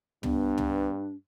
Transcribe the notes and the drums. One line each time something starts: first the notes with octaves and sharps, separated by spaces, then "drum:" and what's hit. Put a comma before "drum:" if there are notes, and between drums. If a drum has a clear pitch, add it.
G2 B3 D4, drum: tom
drum: tom